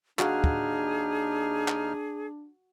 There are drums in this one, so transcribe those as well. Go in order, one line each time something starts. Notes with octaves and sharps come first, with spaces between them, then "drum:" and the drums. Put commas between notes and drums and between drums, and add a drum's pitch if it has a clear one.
D#2 D4 D#4 F#4 G#4 F5 F6, drum: clap
drum: kick
drum: clap